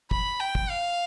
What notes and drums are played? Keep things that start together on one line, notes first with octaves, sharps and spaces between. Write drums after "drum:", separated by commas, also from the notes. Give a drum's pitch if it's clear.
B5, drum: kick
G5
drum: kick
F5